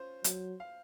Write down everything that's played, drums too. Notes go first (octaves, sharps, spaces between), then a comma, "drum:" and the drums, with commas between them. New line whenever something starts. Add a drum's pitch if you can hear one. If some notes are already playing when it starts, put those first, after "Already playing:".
Already playing: C#4 F4 C5
F#3, drum: hi-hat
F5